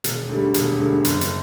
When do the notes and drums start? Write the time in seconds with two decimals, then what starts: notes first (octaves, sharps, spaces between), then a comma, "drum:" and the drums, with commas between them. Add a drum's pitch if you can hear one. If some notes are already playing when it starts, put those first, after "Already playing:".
0.04 E1, drum: hi-hat
0.29 D2 D3 G3
0.54 E1, drum: hi-hat
0.80 D2 D3 G3
1.05 F#1, drum: hi-hat
1.21 drum: hi-hat